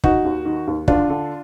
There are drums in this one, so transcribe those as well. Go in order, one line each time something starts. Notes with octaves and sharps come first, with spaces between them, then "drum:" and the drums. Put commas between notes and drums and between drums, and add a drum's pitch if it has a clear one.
D#3 D#4 F#4, drum: kick
D#2
D#3
D#2
D3 D4 F4, drum: kick
D3